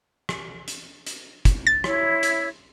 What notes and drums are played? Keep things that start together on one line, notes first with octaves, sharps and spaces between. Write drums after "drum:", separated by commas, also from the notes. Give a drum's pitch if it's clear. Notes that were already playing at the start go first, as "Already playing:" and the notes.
drum: rim click
drum: hi-hat
drum: hi-hat
drum: kick, hi-hat
A6
E4 C#5, drum: rim click
drum: hi-hat